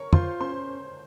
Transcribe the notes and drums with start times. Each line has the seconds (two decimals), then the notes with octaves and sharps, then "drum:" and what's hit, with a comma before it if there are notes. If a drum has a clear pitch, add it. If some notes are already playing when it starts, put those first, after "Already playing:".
Already playing: A#4 C#5 C#6
0.13 F4 C5 C6, drum: tom
0.40 C#4 C5 C6